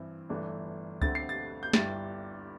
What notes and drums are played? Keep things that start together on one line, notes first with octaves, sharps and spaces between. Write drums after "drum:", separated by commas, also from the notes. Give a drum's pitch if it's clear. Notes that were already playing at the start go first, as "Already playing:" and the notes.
Already playing: G2 E3 C4 E4
G1 G2 E3 A3 D4
D2 D3 A3 C4 A6, drum: kick C#2
C7
A6
G6
G1 G2 G3 E4 A6, drum: snare